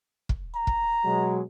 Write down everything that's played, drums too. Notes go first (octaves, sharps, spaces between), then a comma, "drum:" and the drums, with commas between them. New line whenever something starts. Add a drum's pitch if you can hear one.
drum: kick
A#5
drum: kick
B2 F#3 G#3